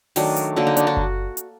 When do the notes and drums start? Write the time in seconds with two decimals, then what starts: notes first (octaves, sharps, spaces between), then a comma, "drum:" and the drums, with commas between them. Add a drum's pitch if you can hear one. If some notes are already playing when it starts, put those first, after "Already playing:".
0.16 D#3 F#3 A3 D4, drum: open hi-hat
0.36 drum: hi-hat
0.56 D3 F#3 A#3
0.67 D#4
0.77 D4, drum: hi-hat
0.87 D4 F#4
0.97 drum: kick F#1
1.37 drum: hi-hat